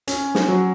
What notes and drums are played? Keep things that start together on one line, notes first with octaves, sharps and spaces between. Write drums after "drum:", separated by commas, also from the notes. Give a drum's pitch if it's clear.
C#4, drum: hi-hat
drum: snare
F#3